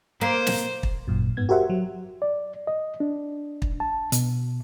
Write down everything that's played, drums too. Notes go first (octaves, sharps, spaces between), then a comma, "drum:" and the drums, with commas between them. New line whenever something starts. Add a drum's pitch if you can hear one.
A#3 C5
drum: snare
drum: kick
G#1 F#2 A#2
G#2 B3 G#6
F#4 G4 A#4 C5 E5 F#5
F#3
D5
D#5
D4
drum: kick
A5
B2, drum: hi-hat